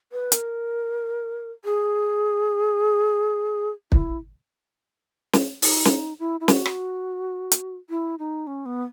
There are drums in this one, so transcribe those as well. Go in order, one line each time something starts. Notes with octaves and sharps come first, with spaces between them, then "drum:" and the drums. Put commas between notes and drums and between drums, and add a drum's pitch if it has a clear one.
B4
A#4, drum: hi-hat
G#4
E4, drum: kick
drum: snare
D#4, drum: open hi-hat
drum: snare
E4
E4
F#4, drum: snare
drum: rim click
drum: hi-hat
E4
D#4
C#4
B3